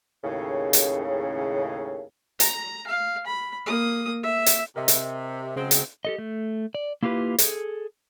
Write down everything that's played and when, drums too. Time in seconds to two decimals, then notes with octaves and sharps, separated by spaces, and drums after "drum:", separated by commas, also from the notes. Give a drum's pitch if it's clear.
0.24 D#2 A2 C#3
0.73 drum: hi-hat
2.40 A#5, drum: hi-hat
2.87 F5
3.27 B5
3.67 A#3 D#6
4.24 E5
4.46 drum: hi-hat
4.76 C3 A#4 D#5 E5
4.88 drum: hi-hat
5.56 C#3 F#3 G#3 C4
5.71 drum: hi-hat
6.05 G4 A4 D#5
6.18 A3
6.75 D5
7.03 A#3 E4 F4 G4 B4
7.38 G#4 A4, drum: hi-hat